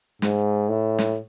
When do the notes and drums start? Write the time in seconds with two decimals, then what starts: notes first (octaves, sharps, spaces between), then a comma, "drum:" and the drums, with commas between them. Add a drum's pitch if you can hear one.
0.22 G#2, drum: snare
0.69 A2
0.99 drum: snare